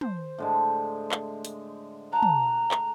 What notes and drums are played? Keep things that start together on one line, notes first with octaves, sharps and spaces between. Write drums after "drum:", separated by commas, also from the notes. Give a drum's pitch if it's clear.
C5, drum: tom
A2 D3 G#3
drum: clap
drum: hi-hat
F#5 A5 A#5
drum: tom
drum: clap